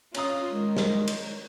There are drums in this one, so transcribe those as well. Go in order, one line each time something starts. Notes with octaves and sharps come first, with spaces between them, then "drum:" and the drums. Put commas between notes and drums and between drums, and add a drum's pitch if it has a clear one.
C#4 F4 A#5 D#6, drum: cymbal
D#3 G#3
drum: snare
drum: cymbal